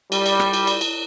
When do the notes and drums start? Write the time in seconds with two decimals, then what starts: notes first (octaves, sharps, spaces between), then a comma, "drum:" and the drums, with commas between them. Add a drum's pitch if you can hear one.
0.12 G3, drum: cymbal
0.26 drum: cymbal
0.40 drum: rim click
0.53 drum: cymbal
0.67 drum: cymbal
0.81 drum: cymbal